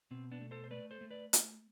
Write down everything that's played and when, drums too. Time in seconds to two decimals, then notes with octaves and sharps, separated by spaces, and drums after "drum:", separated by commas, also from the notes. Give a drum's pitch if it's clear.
0.11 B2 C4
0.31 B3 D4
0.41 A3
0.51 A4 C5
0.64 C5
0.71 A3 B4 D5
0.91 A4 C5
1.01 A3
1.10 B4 D5
1.33 drum: hi-hat